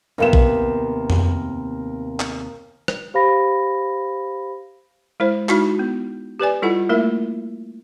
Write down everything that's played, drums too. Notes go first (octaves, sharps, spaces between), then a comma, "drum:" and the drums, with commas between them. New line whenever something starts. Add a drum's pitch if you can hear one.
D#2 C3 B3 A#4 F5 E7
drum: kick
drum: tom F2
drum: clap
drum: rim click
G4 C5 F5 B5 A#6
G#3 E4 C5
G#3 D#4 E4 F#4, drum: clap
B3
G4 B4 D5 G#5
G3 E4 F4 A4 F#5
A3 A#3 E4 A#4 E5